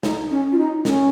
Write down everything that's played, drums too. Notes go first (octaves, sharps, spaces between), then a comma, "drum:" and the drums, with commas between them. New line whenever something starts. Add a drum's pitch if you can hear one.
D#4, drum: snare
C#4
F4
D#4
C#4, drum: snare